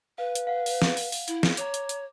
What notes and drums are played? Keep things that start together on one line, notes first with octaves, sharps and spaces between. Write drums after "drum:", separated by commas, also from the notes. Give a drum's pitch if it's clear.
B4 F5
drum: hi-hat
F5 F#5
drum: open hi-hat
drum: snare
drum: open hi-hat
drum: open hi-hat
E4, drum: hi-hat
drum: snare
C#5 A#5 D6, drum: hi-hat
drum: hi-hat
drum: hi-hat